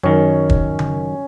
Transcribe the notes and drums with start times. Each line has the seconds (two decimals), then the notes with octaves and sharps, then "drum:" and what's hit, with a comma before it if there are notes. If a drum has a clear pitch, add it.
0.03 F#2 D#3 C#4
0.50 drum: kick
0.79 drum: tom C#3